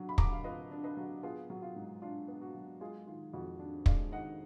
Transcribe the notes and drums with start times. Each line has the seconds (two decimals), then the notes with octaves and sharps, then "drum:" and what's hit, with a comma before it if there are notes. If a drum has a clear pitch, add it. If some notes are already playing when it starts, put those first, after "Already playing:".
Already playing: F#3 D4
0.09 B5
0.18 D3 A#5 D6, drum: kick
0.32 F5
0.44 F4 B4 D#5
0.71 D4
0.84 B4 D#5
0.97 F#3
1.23 B3 F4 G#4
1.50 F#3
1.62 F4
1.76 G#2
2.02 D4 F4
2.28 B3
2.41 F#4
2.55 F#3
2.81 G#3 F4 G#4
3.07 D#3 F4
3.34 F2 F#4
3.59 D4
3.86 G#3 D5 F5, drum: kick
4.12 D#3 D#5 F#5